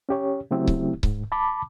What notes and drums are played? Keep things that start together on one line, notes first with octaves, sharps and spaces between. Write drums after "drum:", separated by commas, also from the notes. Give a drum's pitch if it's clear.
C#4 G4 C#5
C#3 F#3 A3 C4 E4 G4
drum: kick C#1
G#2, drum: kick C#1
A5 B5 D6